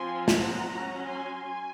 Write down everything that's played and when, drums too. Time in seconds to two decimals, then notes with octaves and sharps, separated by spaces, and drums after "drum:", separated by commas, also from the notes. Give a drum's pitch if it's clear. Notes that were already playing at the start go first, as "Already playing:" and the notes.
Already playing: F3 C4 G#5 C6
0.28 F#5 A#5, drum: snare
0.66 F#3 C#4
1.05 G#5 C6
1.43 G#5